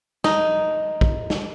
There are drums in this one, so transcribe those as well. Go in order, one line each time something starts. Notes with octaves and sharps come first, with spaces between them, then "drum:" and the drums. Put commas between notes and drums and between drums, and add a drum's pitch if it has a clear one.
D#4, drum: snare
drum: kick A#1
drum: snare